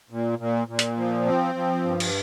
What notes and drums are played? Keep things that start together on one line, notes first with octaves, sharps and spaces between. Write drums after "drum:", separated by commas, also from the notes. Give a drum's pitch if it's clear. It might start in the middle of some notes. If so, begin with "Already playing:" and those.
A#2
A#2
A#2
drum: hi-hat
F3
C4
F3
G2
drum: cymbal